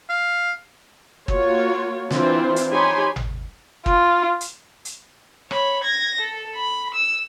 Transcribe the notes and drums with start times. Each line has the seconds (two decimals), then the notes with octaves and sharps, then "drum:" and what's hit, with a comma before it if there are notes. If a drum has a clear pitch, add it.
0.09 F5
1.28 A#3 F4 F#4 C#5, drum: kick
2.11 E3 C4 D4 E4 F4 C5, drum: snare
2.56 drum: hi-hat
2.72 D#4 G4 C#5 G#5 B5 C6
3.16 drum: tom G#1
3.86 F4, drum: kick
4.41 drum: hi-hat
4.85 drum: hi-hat
5.51 C#5 B5, drum: rim click
5.84 G#6 A#6
6.21 A4
6.55 B5
6.95 E6